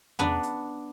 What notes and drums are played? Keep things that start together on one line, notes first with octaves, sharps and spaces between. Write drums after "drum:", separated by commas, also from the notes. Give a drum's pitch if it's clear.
B3 D4, drum: tom E2
drum: hi-hat